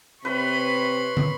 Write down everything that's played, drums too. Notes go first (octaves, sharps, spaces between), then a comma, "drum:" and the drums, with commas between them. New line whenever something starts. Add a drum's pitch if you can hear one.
C3 B4 C#5 B5 C6
drum: tom